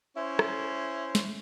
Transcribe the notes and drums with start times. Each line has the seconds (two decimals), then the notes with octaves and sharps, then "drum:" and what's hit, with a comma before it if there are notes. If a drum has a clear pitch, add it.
0.16 C#4 E4 C5
0.39 drum: rim click
1.15 drum: snare